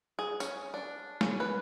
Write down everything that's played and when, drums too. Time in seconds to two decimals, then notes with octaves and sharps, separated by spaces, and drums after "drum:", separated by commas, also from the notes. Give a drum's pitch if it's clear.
0.19 G#4
0.40 C#4, drum: tambourine
0.74 D4
1.21 C#4, drum: snare
1.40 B4